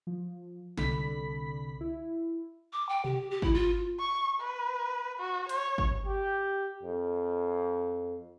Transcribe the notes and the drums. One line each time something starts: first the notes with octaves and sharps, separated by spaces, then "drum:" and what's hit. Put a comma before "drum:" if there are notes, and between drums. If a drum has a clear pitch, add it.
F3
C2 D3 D4 A4 B5 B6, drum: snare
E4
D6
G5
G4, drum: tom B2
G4
E4, drum: kick G1
F4
C#6
B4
F#4
C#5, drum: hi-hat
drum: kick G1
G4
F2